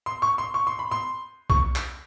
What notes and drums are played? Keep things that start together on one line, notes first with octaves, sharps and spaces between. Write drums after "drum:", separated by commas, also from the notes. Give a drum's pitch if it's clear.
C6
C#6
C6
C#6
C6
B5
C6
C#6, drum: kick B1
drum: clap